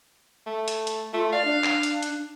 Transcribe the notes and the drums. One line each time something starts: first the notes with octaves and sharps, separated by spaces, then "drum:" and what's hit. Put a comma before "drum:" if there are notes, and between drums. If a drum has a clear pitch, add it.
A3
drum: hi-hat
drum: hi-hat
A3 F4
D5 F5
D4
drum: clap
drum: hi-hat
drum: hi-hat